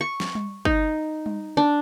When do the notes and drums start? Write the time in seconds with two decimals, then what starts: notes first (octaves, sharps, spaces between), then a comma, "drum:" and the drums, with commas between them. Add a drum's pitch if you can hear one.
0.01 C#6
0.20 drum: snare
0.35 drum: tom G3
0.65 D#4, drum: kick G1
1.26 drum: tom G3
1.57 D4